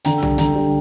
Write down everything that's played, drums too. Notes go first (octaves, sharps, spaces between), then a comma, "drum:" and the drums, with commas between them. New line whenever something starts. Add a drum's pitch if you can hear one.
D3 G5 A#5, drum: hi-hat
G3, drum: tom
D3 G5 A#5, drum: hi-hat
G3